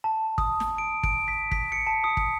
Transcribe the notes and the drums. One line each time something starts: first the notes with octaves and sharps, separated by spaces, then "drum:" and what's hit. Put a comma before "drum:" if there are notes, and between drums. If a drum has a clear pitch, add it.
A5
D#6, drum: kick
drum: snare
D7
D7, drum: kick
B6
B6, drum: kick
C#7
A5
D#6
drum: kick